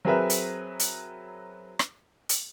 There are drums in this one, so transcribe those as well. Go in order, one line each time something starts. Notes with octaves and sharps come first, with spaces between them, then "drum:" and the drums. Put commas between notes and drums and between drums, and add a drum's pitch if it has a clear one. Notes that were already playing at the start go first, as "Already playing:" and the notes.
F#3 C4 G#4 A#4 B4 E5
drum: hi-hat
drum: hi-hat
drum: rim click
drum: hi-hat